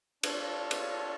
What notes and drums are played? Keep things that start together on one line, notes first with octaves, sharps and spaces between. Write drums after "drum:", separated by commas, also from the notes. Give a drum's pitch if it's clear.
D4 F4 A4 C#5, drum: cymbal
drum: cymbal